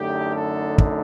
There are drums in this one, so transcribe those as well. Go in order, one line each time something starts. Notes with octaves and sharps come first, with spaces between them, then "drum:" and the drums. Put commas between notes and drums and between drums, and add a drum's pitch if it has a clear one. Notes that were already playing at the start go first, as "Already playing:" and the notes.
Already playing: F#2 D3 A3 D#4 G4
A4
drum: kick